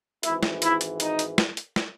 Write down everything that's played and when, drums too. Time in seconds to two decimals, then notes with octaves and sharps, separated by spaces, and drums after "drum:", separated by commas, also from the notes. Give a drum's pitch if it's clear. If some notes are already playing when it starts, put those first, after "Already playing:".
0.23 G#1 G#2 E3 E4, drum: hi-hat
0.43 drum: snare
0.62 E4, drum: hi-hat
0.81 drum: hi-hat
1.00 D#4, drum: hi-hat
1.19 drum: hi-hat
1.38 drum: snare
1.57 drum: hi-hat
1.76 drum: snare